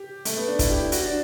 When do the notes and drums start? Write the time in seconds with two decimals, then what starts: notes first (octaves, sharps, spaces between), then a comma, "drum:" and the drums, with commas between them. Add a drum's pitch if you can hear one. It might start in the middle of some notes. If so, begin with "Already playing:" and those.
Already playing: G4
0.25 A3, drum: hi-hat
0.36 B3
0.48 D4
0.59 E4, drum: kick, hi-hat
0.70 G4
0.92 F#4, drum: hi-hat
1.03 D4